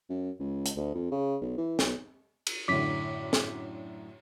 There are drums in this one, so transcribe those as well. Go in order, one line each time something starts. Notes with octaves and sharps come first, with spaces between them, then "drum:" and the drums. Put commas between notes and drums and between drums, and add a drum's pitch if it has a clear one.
F#2
C#2
drum: hi-hat
D2
F2
C#3
B1
E3
B1, drum: snare
drum: cymbal
F#2 A2 D3 D6 B6
drum: snare